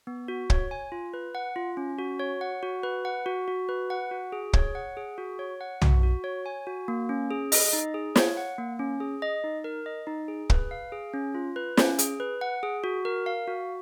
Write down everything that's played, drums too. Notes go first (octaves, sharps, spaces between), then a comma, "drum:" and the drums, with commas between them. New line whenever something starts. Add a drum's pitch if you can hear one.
B3
F#4
C#5, drum: kick
G#5
F4
B4
F#5
F4
C#4
F#4
C#5
F#5
F#4
B4
F#5
F#4
F#4
B4
F#5
F#4
G#4
C#5, drum: kick
F#5
G#4
F#4
C#5
F#5
F#4, drum: tom
F#4
C#5
G#5
F#4
A#3
C#4
G#4
D#5, drum: open hi-hat
D#4
G#4
C#5, drum: snare
F#5
A#3
C#4
G#4
D#5
D#4
A#4
D#5
D#4
G#4
B4, drum: kick
F5
G#4
C#4
F4
B4
C#4, drum: snare
G#4, drum: hi-hat
B4
F#5
G#4
F#4
A#4
F5
F#4